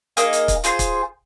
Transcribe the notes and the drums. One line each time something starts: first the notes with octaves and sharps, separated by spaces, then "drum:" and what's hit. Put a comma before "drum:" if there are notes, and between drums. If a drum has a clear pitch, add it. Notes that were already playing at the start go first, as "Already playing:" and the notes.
A#3 D#4 G#4 D#5, drum: hi-hat
drum: hi-hat
drum: kick, hi-hat
F4 G#4 C5, drum: hi-hat
drum: kick, hi-hat